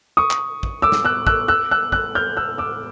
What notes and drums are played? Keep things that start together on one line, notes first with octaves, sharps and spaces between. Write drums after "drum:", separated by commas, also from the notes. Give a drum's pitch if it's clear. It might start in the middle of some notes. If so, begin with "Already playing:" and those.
C#6 D#6
drum: clap
drum: kick
D6 E6
drum: snare
E6 F#6
E6 F#6, drum: kick
E6 F#6
E6 F#6
E6 F#6, drum: kick
F6 G6
E6 F#6
D6 E6